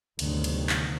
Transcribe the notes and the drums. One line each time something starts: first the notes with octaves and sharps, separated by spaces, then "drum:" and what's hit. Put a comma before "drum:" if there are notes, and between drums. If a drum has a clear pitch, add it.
G1 D2 C3 D#3 F#3, drum: cymbal
drum: cymbal
drum: clap